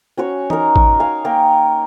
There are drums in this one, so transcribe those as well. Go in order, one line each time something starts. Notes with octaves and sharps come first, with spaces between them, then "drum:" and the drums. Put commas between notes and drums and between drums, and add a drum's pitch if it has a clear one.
C#4 F#4 C#5
D#4 A#4, drum: tom E3
drum: kick A1
F5 G#5
A#3 A#4 G5